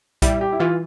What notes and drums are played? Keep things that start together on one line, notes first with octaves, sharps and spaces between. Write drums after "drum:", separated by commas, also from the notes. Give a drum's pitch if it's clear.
G3 E4, drum: kick B1, hi-hat
G4
E4
E3 F4